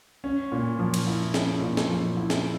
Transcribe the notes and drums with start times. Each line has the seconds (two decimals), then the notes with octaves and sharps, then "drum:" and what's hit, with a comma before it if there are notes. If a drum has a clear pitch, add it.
0.24 C#4
0.52 A#2
0.79 F3
0.94 drum: cymbal
1.07 E4
1.34 C#4, drum: snare C#4
1.61 A#2
1.77 drum: snare C#4
1.90 F3
2.17 E4
2.30 drum: snare C#4